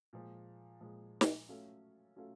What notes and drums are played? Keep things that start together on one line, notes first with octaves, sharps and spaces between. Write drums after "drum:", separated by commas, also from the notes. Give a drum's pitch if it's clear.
A#2 F3 G#3
A#2 F3 G#3
drum: snare
F#3 A3 C#4 F4 A4
F#3 A3 C#4 F4 A4